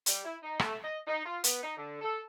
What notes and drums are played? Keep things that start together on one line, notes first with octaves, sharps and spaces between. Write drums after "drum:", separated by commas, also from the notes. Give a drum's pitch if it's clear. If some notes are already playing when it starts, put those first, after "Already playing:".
G3, drum: hi-hat
E4
D#4
A3, drum: rim click
D#5
D#4
F4
B3, drum: hi-hat
D#4
D3
A4